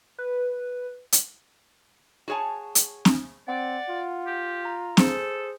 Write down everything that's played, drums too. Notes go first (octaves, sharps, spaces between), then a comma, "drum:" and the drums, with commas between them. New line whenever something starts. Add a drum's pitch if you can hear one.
B4
drum: hi-hat
F#4 G#4 C#5 G#5 A5
drum: hi-hat
drum: snare C4
C4 D5 F#5
F4
G4
A#5
G#4 A4 C5, drum: snare C4